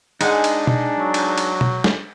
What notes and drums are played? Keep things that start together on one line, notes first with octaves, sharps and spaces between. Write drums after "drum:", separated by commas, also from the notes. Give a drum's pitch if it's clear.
G#3 D4 D#4 G#4 F#5, drum: cymbal
drum: cymbal
drum: tom B2
F#3
drum: cymbal
drum: cymbal
drum: tom B2
drum: snare